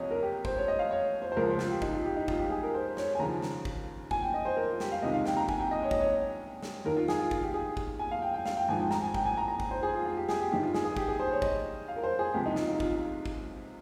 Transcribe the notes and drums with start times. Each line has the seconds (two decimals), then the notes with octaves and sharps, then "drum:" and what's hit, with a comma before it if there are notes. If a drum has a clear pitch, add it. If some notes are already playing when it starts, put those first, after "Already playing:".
Already playing: C#2 C3 F3 C#5 D#5
0.11 A#4
0.22 G4
0.45 C5, drum: kick
0.57 C#5
0.68 D#5
0.79 F5
0.91 C#5
1.22 C5
1.32 C5
1.36 C#2 C#3 F3 A#4
1.49 C5
1.59 F4, drum: snare
1.71 G4
1.82 D#4, drum: kick
1.94 F4
2.05 G4
2.17 D#4
2.28 F4, drum: kick
2.39 G4
2.50 G#4
2.63 A#4
2.74 C5
2.97 C#5, drum: snare
3.15 G#5
3.19 D#2 C#3 F3 A#5
3.42 drum: snare
3.65 drum: kick
4.11 G#5, drum: kick
4.22 G5
4.34 D#5
4.45 C5
4.57 A#4
4.69 F4
4.80 G4, drum: snare
4.92 F5
5.03 C#2 C3 D#3 D#5
5.14 F5
5.26 G5, drum: snare
5.37 A#5
5.49 G#5, drum: kick
5.60 G5
5.71 D#5
5.83 C#5
5.91 D#5, drum: kick
6.00 C#5
6.62 drum: snare
6.85 D#2 D#3 A#4
6.97 F4
7.08 G#4, drum: snare
7.19 F4
7.31 F4, drum: kick
7.43 G4
7.54 G#4
7.77 drum: kick
7.99 G#5
8.11 F5
8.22 G5
8.34 G5
8.46 F5, drum: snare
8.57 G5
8.69 G#1 G#2 F3 G#5
8.80 G5
8.91 A#5, drum: snare
9.02 G#5
9.14 G5, drum: kick
9.25 G#5
9.37 A#5
9.48 A#5
9.60 drum: kick
9.71 C5
9.83 G#4
9.93 F4
10.05 F4
10.17 G4
10.29 G#4, drum: snare
10.40 G4
10.51 G1 G2 D#3 G4
10.63 F4
10.74 G#4, drum: snare
10.85 G#4
10.97 G4, drum: kick
11.09 G#4
11.20 C5
11.31 C#5
11.42 D#5, drum: kick
11.88 F5
11.96 A#4
12.04 C5
12.19 G#4
12.34 C#2 C3 F3 G4
12.46 D#4
12.56 F4, drum: snare
12.69 D#4
12.80 F4, drum: kick
13.26 drum: kick